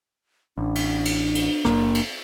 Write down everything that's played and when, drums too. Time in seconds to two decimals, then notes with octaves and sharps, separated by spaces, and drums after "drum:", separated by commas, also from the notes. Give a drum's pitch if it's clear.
0.57 A1 D4
0.75 drum: cymbal
1.05 drum: cymbal
1.35 drum: cymbal
1.65 F#1 F2 A#3, drum: rim click
1.95 drum: cymbal